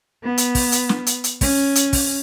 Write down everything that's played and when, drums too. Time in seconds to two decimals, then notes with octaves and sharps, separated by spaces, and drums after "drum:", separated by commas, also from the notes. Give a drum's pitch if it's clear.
0.24 B3
0.38 drum: hi-hat
0.55 drum: kick, open hi-hat
0.72 drum: hi-hat
0.89 drum: snare
1.06 drum: hi-hat
1.24 drum: hi-hat
1.41 C#4, drum: kick, open hi-hat
1.75 drum: hi-hat
1.93 drum: kick, open hi-hat